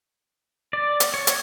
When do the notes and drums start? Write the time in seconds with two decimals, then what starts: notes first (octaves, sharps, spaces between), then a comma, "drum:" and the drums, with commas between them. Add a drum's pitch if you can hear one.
0.73 D5
1.00 drum: hi-hat
1.14 C#5
1.27 drum: hi-hat